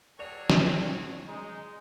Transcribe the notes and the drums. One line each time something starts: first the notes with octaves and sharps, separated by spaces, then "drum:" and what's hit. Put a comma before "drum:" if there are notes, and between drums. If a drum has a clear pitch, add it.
F#3 G#4 A4 C#5 D5 G5 F7
drum: snare
G#3 D#4